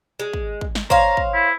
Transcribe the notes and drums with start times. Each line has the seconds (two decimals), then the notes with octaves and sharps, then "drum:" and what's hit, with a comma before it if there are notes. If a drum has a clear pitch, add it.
0.20 G#3
0.33 drum: kick
0.61 drum: kick
0.75 drum: snare
0.90 C5 C#5 F5 A#5, drum: kick
1.17 drum: kick
1.34 E4